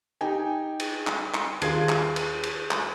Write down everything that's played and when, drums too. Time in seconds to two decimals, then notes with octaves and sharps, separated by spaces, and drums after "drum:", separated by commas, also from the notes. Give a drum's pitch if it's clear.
0.21 D#4 G4 G5 G#5
0.80 drum: cymbal
1.07 drum: clap
1.34 drum: clap
1.62 D#2 D4 F4 G#4 G#6 C7, drum: cymbal
1.89 drum: clap
2.16 drum: cymbal
2.43 drum: cymbal
2.71 drum: clap